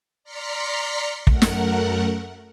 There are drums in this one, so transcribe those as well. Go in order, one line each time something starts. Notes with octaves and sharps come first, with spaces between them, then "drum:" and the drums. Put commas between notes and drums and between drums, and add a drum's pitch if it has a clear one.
D5 A#5 C6 F6 B6 C#7
F#2 A3 A#4 F#5, drum: kick
drum: snare